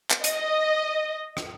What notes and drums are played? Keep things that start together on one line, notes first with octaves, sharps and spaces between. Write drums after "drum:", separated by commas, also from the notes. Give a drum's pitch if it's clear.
drum: clap
D#5, drum: hi-hat
drum: rim click